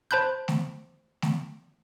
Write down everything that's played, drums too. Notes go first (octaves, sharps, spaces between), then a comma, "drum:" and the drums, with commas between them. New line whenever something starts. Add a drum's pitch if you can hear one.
C5 A5 B5 F#6 G6
drum: snare A3
drum: snare A3